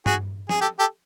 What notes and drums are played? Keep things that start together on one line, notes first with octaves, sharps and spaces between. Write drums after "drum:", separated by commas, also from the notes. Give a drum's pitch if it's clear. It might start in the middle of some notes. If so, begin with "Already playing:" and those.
F#4 G#4, drum: tom G2
G#4, drum: snare F3
G4 A4
G4 A4